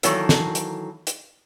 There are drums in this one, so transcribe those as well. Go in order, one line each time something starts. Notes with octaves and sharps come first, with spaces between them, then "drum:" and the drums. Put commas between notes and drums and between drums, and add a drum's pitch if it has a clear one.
D#3 E3 F#3 A#3 A4, drum: hi-hat
drum: snare
drum: hi-hat
drum: hi-hat